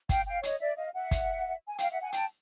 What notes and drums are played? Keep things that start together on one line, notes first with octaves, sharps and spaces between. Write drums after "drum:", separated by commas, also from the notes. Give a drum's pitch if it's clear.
F5 G5, drum: kick, hi-hat
F5 G5
C#5 D#5, drum: hi-hat
D5 E5
D#5 F5
E5 F#5
drum: kick, hi-hat
G#5
F5 G5, drum: hi-hat
E5 F#5
F#5 G#5
G5 A5, drum: hi-hat